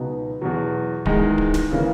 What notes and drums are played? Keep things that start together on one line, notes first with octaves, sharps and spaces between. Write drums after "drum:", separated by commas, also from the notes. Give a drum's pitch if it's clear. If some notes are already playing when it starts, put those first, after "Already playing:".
Already playing: C#2 B2 F#3 B3 D#4
E2 B2 F#3
E2 D#3 G#3 D#4, drum: kick D1
drum: kick D1
drum: snare
C#3 E3 A#3